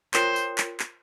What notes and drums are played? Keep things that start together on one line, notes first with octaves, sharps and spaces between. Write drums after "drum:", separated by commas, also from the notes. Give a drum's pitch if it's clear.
F4 A#4 C5 C#5 G5, drum: clap
drum: tambourine
drum: clap
drum: clap